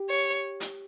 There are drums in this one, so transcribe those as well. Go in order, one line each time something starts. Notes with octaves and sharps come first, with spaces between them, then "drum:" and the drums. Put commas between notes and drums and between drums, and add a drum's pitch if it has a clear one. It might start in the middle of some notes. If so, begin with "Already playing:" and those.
Already playing: G4
C#5
drum: hi-hat